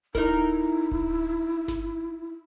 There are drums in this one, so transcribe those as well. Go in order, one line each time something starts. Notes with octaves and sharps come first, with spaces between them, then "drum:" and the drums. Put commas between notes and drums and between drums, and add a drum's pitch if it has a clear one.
D#4 E4 A#4, drum: kick D1
drum: kick D1
drum: snare G1